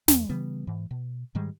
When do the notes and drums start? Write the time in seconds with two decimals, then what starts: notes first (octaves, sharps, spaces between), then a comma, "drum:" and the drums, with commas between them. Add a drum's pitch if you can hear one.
0.08 E2, drum: snare
0.29 C#3 E3 G3 B3
0.67 G#2 E3
0.91 B2
1.35 G#2 D#3 G3 G#3